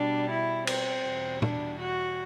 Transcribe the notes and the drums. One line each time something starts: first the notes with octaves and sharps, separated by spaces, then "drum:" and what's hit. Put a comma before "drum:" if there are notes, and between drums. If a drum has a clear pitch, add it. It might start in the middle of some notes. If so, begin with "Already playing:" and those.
Already playing: B2 G3 D4
E4
C4, drum: cymbal
E2 B2 G3
D4, drum: tom
F#4